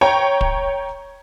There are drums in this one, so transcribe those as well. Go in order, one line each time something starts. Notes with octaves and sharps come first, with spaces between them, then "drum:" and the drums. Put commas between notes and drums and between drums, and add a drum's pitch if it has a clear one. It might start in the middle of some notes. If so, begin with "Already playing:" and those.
C#5 G5 A#5 C#6
drum: kick